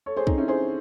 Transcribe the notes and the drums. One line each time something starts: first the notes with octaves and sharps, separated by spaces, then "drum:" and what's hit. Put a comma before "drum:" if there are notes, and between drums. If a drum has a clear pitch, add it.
A4 C#5
G#4 C5
C4 D#4, drum: kick
C#4 E4
G#4 C5